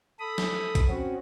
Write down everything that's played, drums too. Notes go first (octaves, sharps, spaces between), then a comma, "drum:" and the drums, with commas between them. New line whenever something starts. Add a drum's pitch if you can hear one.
A4 B5 D#6
drum: snare
drum: kick A#1, hi-hat
C4 C#4 F#4